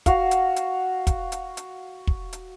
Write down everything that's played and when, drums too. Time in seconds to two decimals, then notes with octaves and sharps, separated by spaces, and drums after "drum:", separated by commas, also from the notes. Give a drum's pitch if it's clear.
0.06 F#4 F5, drum: kick, hi-hat
0.31 drum: hi-hat
0.56 drum: hi-hat
1.07 drum: kick, hi-hat
1.32 drum: hi-hat
1.57 drum: hi-hat
2.07 drum: kick
2.33 drum: hi-hat